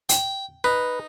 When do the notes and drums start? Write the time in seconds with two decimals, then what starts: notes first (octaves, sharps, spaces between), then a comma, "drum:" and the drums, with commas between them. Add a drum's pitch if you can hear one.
0.09 G5, drum: hi-hat
0.64 D#4 B4